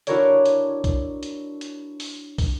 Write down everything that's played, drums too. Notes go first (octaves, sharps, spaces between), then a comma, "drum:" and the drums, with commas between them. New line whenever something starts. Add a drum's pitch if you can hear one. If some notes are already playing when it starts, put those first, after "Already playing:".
D4 E4 F#4 A#4 C#5 D5, drum: hi-hat
drum: hi-hat
drum: kick, hi-hat
drum: hi-hat
drum: hi-hat
drum: open hi-hat
drum: kick, open hi-hat